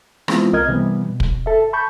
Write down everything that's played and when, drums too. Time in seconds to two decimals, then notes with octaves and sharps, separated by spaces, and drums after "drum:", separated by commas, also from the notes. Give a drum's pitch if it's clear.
0.28 E3 G#3 B3 C4 E4 F4, drum: rim click
0.53 C2 A#4 D#5 F6 G#6
0.68 C3 E3 G3 B3
1.09 B2
1.20 drum: kick
1.46 A4 E5
1.73 A5 B5 C#6 G6